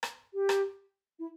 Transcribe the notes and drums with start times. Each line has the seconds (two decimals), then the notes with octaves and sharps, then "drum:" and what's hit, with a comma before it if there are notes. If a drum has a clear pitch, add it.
0.03 drum: rim click
0.34 G4
0.49 drum: rim click
1.19 E4